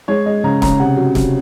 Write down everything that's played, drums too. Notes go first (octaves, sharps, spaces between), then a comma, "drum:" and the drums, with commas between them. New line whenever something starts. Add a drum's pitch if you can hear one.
G#3 C#5
G#3 D#5
C#3 A#5
C#3 A#5, drum: snare
C3 F#5
F#3
C3, drum: snare